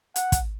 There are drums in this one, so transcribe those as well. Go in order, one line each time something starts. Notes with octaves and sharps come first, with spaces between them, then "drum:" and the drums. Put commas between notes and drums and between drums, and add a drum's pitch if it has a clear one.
F#5, drum: hi-hat
drum: kick, hi-hat